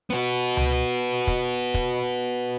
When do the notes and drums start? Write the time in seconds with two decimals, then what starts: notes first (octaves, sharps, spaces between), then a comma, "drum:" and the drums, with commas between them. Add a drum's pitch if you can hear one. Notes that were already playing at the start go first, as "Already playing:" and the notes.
0.10 B3 F#4
0.57 drum: tom C#2
1.27 drum: kick, hi-hat
1.74 drum: kick, hi-hat